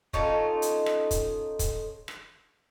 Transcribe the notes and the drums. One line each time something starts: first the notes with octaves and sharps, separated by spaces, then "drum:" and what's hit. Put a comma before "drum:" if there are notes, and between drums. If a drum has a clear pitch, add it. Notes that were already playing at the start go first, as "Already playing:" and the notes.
C#4 D#4 F4 A4, drum: kick
drum: hi-hat
drum: rim click
drum: kick, hi-hat
drum: kick, hi-hat
drum: rim click